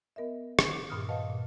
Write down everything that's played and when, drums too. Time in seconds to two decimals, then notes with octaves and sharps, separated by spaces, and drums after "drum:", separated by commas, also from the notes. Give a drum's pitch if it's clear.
0.16 B3 A#4 D#5 E5
0.59 D#3, drum: rim click
0.71 D6
0.90 G2 A#2 C6 D#6 F6
1.09 B4 D#5 F5 F#5 A5
1.30 A#2